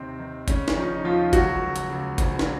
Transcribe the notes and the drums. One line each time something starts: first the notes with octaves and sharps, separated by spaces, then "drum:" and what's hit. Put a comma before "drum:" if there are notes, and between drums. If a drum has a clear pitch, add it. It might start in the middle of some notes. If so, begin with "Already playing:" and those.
Already playing: D#2 C3 D#3 C4
D#3
C#3 C#4, drum: kick F#1, hi-hat
C#4, drum: snare
D#3 F3 D#4
D#4
D#2 F3 F4
C#2 F#3 F#4, drum: kick F#1, hi-hat
C#2
drum: hi-hat
C#2
A#1, drum: kick F#1, hi-hat
drum: snare